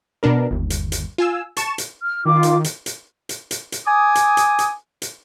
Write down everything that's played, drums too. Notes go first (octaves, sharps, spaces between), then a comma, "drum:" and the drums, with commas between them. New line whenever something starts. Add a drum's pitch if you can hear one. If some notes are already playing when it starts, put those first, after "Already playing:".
B2 B3 D4 A#4
G1 D#2
drum: hi-hat
drum: hi-hat
F4 G#5 E6
A5 C#6 E7, drum: hi-hat
drum: hi-hat
F6
D#3 F4 D6
drum: hi-hat
drum: hi-hat
drum: hi-hat
drum: hi-hat
drum: hi-hat
drum: hi-hat
G#5 D6 D#6
drum: hi-hat
drum: hi-hat
drum: hi-hat
drum: hi-hat